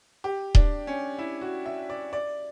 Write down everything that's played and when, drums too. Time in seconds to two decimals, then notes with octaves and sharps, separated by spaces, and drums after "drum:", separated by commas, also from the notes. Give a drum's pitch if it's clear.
0.24 G4
0.55 D4, drum: kick D#1
0.87 C#4
1.19 E4
1.41 F#4
1.66 E5
1.90 D5
2.13 D5